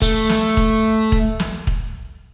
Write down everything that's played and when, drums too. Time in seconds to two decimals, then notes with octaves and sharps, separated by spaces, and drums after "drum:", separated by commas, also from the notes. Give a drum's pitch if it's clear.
0.02 A3, drum: kick
0.29 drum: snare
0.57 drum: kick
1.12 drum: kick
1.40 drum: snare
1.67 drum: kick